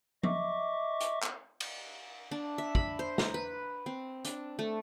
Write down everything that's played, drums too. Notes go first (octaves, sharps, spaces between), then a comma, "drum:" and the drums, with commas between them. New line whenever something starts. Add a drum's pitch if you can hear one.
D#5 E5 C#6 D6, drum: tom F3
drum: hi-hat
drum: clap
drum: cymbal
D4
E5
B5, drum: kick
C5
A#5, drum: snare
B4
C4
D4, drum: hi-hat
A3